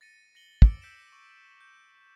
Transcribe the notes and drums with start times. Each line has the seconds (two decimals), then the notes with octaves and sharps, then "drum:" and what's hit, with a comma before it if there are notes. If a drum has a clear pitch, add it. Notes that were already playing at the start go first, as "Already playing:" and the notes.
0.01 A6 A#6 C#7 D#7
0.35 A#6 C#7 F#7 G7
0.62 D6 E6 C#7 D7 G7, drum: kick
0.82 E6 G6 B6 C#7 D7 E7
1.12 C#6
1.61 G6